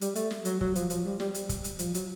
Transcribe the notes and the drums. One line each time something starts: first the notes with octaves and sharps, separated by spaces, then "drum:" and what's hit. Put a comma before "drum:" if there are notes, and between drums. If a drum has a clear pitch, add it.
G3, drum: hi-hat
A3, drum: hi-hat
drum: snare
F#3, drum: hi-hat
F#3, drum: kick
F3, drum: hi-hat
F3, drum: hi-hat
G3
G3, drum: snare
G3, drum: hi-hat
drum: kick, hi-hat
drum: hi-hat
F3, drum: hi-hat
F#3, drum: hi-hat